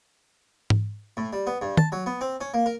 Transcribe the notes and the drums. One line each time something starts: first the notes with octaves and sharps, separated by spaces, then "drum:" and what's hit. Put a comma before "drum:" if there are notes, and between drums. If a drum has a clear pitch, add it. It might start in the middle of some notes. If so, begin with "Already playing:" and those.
drum: tom G#2
A2
G3
B3
G2
A5, drum: tom
F#3
B3
C4
C#4
A#3
A#4